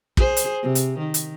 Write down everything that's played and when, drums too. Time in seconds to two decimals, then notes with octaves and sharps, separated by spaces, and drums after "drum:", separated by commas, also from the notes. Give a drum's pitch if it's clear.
0.17 G#4 C5, drum: kick
0.37 drum: hi-hat
0.62 C3
0.75 drum: hi-hat
0.98 D#3
1.14 drum: hi-hat